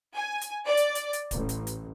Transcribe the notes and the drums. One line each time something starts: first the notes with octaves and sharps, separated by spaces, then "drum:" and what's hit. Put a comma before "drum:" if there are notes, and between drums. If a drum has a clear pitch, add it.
G#5
drum: hi-hat
D5
drum: hi-hat
drum: hi-hat
drum: hi-hat
A1, drum: kick D1, hi-hat
drum: hi-hat
drum: hi-hat